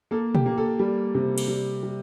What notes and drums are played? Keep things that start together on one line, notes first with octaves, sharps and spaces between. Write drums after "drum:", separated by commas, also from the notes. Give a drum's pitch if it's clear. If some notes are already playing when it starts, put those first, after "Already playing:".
A#3 A4
G4, drum: tom
A#3
A4
G3
C3
drum: cymbal
G3
G3